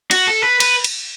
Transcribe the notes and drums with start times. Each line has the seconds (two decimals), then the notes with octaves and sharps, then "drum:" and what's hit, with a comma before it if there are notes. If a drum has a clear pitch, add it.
0.11 F#4, drum: cymbal
0.27 A4
0.43 B4
0.60 B4, drum: cymbal
0.84 drum: cymbal